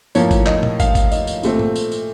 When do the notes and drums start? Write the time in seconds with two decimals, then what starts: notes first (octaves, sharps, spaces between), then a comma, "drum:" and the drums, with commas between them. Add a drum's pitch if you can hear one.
0.15 A2 F3 A#3 C#5, drum: tambourine
0.31 drum: kick, tambourine
0.46 D#5, drum: clap
0.63 drum: tom
0.80 F5, drum: kick, tambourine
0.95 drum: kick, tambourine
1.12 D#5, drum: tambourine
1.27 drum: tambourine
1.43 A#2 A3 C4, drum: tambourine
1.59 drum: tom G#2
1.76 drum: tambourine
1.92 drum: tambourine